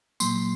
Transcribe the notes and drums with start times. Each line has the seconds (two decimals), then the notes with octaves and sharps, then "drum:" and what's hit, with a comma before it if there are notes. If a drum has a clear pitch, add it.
0.20 A#2 F#3 A#3 C6, drum: tambourine